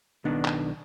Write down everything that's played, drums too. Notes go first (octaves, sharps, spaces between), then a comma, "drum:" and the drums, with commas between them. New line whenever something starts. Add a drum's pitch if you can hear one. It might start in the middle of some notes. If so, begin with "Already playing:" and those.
B1 D#3 B3 D4 D5
drum: clap